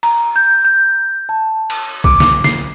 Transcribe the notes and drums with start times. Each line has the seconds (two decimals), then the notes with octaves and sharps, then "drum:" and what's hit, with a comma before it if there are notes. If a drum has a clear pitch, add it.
0.03 A#5, drum: cymbal
0.36 G6
0.65 G6
1.29 A5
1.70 drum: cymbal
2.04 D6, drum: kick
2.20 drum: snare
2.44 C7, drum: snare